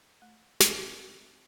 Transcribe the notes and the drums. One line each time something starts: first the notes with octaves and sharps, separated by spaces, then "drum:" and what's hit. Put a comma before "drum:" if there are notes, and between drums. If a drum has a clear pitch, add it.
A3
C4, drum: snare
A3